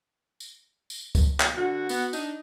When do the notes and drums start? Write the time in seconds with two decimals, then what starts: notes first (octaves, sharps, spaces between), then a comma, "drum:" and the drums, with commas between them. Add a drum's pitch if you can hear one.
0.40 drum: tambourine
0.90 drum: tambourine
1.15 drum: kick C#2, tambourine
1.40 B2, drum: clap
1.57 D3 F#4
1.89 B3, drum: tambourine
2.13 D4 D#4, drum: tambourine